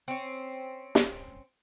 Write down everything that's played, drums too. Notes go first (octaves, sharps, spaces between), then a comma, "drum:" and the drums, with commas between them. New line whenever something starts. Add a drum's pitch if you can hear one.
C4 C#4
drum: snare